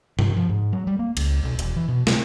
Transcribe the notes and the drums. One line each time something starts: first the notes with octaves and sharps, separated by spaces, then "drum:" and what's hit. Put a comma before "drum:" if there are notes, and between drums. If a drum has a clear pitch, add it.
C3, drum: tom G2
F3
G#2
F#3
G3
A#3
C#2, drum: cymbal
B1
E1, drum: hi-hat
E3
B2
C3, drum: snare